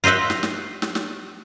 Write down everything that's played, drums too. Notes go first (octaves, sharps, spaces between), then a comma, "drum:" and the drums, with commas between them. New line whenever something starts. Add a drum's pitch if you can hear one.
F4 C5 D#5 E5 F#5
drum: snare
drum: snare
drum: snare
drum: snare